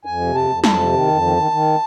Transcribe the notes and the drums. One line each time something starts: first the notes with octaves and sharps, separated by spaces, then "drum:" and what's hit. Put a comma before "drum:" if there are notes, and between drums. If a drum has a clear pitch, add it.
F2 G#5
C3
F2 A5
F2
F2 A5, drum: snare
C3
D#3
F2
D#3
D#3
D#3